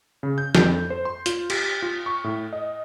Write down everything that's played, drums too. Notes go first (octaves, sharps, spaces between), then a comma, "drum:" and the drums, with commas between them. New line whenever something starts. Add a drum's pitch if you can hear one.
C#3
G6
F2, drum: snare
A4
C5
C6
F4, drum: hi-hat
G4, drum: cymbal
F4
C#6
A2
D#5